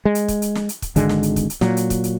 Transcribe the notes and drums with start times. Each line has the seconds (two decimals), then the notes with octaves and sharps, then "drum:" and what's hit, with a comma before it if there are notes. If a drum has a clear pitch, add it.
0.05 G#3
0.15 drum: hi-hat
0.28 drum: kick, hi-hat
0.42 drum: hi-hat
0.55 drum: snare
0.69 drum: hi-hat
0.82 drum: kick, hi-hat
0.96 G#1 D3 G#3, drum: hi-hat
1.09 drum: snare
1.23 drum: hi-hat
1.36 drum: kick, hi-hat
1.50 drum: hi-hat
1.61 A#2 F#3, drum: snare
1.77 drum: hi-hat
1.90 drum: kick, hi-hat
2.04 drum: hi-hat